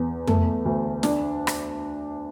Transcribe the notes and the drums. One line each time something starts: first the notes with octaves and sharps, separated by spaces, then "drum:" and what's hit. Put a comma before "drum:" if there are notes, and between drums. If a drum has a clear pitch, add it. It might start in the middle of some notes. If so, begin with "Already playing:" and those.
Already playing: E2
A3, drum: tom F2
D2
D4, drum: snare
drum: rim click